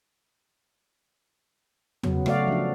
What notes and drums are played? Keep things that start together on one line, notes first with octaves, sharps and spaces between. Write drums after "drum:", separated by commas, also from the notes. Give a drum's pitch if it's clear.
C#3 F#3 B3, drum: tom E2
C#3 A3 F#4 D5 F5, drum: rim click
F3 D4